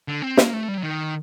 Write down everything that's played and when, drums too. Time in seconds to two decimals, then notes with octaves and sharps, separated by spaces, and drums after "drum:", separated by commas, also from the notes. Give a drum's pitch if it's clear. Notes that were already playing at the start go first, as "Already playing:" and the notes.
0.08 D3
0.22 C4
0.37 A#3, drum: snare
0.53 A3
0.68 G3
0.77 F#3
0.83 D#3